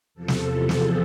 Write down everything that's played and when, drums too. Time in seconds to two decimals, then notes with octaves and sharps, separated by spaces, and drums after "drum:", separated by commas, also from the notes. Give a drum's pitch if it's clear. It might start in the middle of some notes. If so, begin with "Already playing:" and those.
0.15 E2 C3 F3 A4
0.28 drum: snare
0.69 G#4, drum: snare